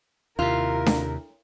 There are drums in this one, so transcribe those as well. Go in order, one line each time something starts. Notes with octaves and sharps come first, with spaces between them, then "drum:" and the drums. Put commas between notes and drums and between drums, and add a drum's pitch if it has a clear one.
D#2 C3 E4 F4 A#4
drum: snare D4